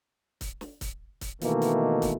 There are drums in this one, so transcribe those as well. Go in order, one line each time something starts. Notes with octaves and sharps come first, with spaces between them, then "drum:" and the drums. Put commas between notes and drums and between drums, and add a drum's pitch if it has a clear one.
drum: kick, hi-hat
drum: snare
drum: kick, hi-hat
drum: kick, hi-hat
B2 D#3 E3 A3 A#3, drum: hi-hat
drum: hi-hat
drum: kick, hi-hat